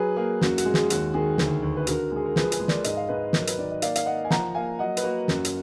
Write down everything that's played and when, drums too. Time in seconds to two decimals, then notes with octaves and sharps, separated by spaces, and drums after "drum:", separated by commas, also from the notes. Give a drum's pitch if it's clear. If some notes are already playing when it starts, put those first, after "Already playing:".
Already playing: F#3 G#4 B4
0.16 A#3 G#4
0.41 F#2 F#4, drum: snare
0.58 F#4, drum: hi-hat
0.65 G#3
0.74 G#4, drum: snare
0.90 D#2 F#4, drum: hi-hat
1.14 D#3 G#4
1.38 D2, drum: snare
1.62 D2
1.77 B4
1.87 D3 F#4 A#4, drum: hi-hat
2.11 G#3 G#4
2.26 A#4
2.36 F3 G#4 B4, drum: snare
2.52 G#4 B4, drum: hi-hat
2.60 G#3
2.68 A#4 D5, drum: snare
2.84 G#2 D#5, drum: hi-hat
2.97 F5
3.09 G#2 B4 D#5
3.33 F#3 A#4, drum: snare
3.47 B4, drum: hi-hat
3.58 D#3 D5
3.71 D#5
3.82 A#3 D5 F5, drum: hi-hat
3.95 F5, drum: hi-hat
4.06 A#3 D#5 F#5
4.24 G#5
4.30 F3 F#5 A#5, drum: snare
4.55 A#3 F5 G#5
4.79 F#3 D#5 F#5
4.97 B4, drum: hi-hat
5.03 A#3 F#4 A#4
5.28 F#2 F#4, drum: snare
5.45 drum: hi-hat